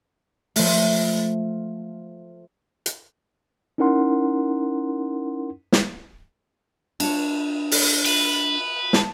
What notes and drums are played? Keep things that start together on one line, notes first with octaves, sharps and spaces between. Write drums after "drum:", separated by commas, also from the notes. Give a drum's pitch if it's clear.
F3 A3, drum: open hi-hat
drum: hi-hat
C#4 D#4 E4 A#4 F#5 C6
drum: snare
D4 C#5, drum: cymbal
drum: open hi-hat
B4, drum: cymbal
A5, drum: snare